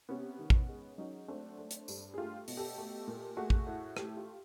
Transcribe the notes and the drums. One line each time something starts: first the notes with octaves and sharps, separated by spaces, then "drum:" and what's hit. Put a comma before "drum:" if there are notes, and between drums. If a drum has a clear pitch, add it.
C3 B3 C#4
D#3
drum: kick
G#3
F#3 C#4 D#4
A3 C4 D4
A3
drum: hi-hat
G2, drum: tambourine
G#4
A3 F4 G4
B2, drum: open hi-hat
G4 A4
A3
A#2
A3 F#4 G#4
drum: kick
A2
A3 G4 A4, drum: rim click
F4 G4